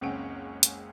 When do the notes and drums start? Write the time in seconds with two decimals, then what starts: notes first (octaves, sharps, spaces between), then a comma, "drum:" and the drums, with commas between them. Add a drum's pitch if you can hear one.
0.01 F#1 C#2 C4 C#4 F#5 D7
0.63 drum: hi-hat